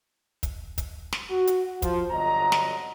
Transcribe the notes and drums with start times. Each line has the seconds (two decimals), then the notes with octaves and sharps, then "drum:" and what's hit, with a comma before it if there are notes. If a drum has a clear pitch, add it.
0.43 drum: kick, hi-hat
0.78 drum: kick, hi-hat
1.13 drum: snare
1.30 F#4
1.47 drum: hi-hat
1.82 F3, drum: kick, hi-hat
2.11 G1 F2 D3 F#3 D#5 A#5
2.52 drum: snare